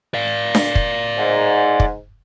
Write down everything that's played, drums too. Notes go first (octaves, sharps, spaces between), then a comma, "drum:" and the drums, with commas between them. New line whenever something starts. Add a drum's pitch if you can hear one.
D5 F5
drum: snare D4
drum: kick
G#2
drum: kick